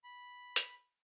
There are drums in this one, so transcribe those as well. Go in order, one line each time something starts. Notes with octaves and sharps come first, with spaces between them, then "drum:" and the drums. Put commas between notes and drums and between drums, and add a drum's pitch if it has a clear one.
B5
drum: hi-hat